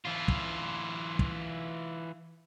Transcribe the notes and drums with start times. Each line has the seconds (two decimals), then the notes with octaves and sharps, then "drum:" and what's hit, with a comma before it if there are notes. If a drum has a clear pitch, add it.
0.05 E3 F4
0.28 drum: kick
1.19 drum: kick